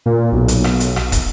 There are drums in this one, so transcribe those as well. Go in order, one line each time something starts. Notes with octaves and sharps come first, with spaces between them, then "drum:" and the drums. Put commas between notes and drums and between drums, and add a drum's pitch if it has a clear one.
A#2
B1
drum: hi-hat
drum: rim click
drum: hi-hat
drum: rim click
drum: kick, hi-hat